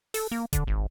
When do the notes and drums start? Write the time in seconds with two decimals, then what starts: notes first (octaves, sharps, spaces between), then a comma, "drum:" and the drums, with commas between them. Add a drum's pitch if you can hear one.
0.14 A4, drum: open hi-hat
0.32 A#3
0.53 D3, drum: kick D#1, hi-hat
0.67 G#1